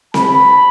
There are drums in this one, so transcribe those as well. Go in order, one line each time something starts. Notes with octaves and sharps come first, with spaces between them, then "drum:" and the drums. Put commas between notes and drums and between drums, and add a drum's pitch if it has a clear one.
A5 B5, drum: snare C4